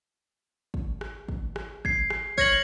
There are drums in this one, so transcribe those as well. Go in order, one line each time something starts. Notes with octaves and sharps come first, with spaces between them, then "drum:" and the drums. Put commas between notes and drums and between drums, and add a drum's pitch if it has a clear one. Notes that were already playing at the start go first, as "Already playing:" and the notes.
drum: kick
drum: rim click
drum: kick
drum: rim click
G#6 C7, drum: kick
drum: rim click
C#5 F6 A#6 F#7, drum: kick